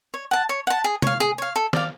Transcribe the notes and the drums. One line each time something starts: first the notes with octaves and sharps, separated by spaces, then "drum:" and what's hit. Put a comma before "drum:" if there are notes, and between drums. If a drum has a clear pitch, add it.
C#5
F#5 A5
C#5
F#5 A5
G#4
C#5 F5, drum: tom
G#4
C#5 F5
A4
D5 F5, drum: snare